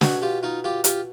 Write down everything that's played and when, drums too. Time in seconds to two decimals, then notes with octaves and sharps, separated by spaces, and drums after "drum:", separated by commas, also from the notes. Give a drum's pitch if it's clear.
0.01 B2 F#4 G#4, drum: snare
0.22 F4 G4
0.43 D#4 F4
0.64 F4 G4
0.84 F4 G4, drum: hi-hat